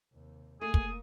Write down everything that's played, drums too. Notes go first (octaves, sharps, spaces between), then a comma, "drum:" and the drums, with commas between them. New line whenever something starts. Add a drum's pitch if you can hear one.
D#2 C3
A3 A#3 G#4 D#6
drum: kick